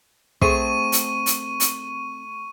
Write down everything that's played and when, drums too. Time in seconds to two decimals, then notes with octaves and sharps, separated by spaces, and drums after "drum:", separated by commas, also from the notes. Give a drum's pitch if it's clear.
0.42 A3 C4 G#4 C#6 D#7, drum: kick
0.92 drum: hi-hat
1.26 drum: hi-hat
1.60 drum: hi-hat